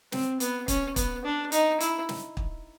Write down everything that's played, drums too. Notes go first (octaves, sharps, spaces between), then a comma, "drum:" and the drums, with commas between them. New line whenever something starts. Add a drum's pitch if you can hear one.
C4, drum: snare
B3, drum: hi-hat
C#4, drum: kick, hi-hat
B3, drum: kick, hi-hat
D4
D#4, drum: hi-hat
E4, drum: hi-hat
drum: snare
drum: kick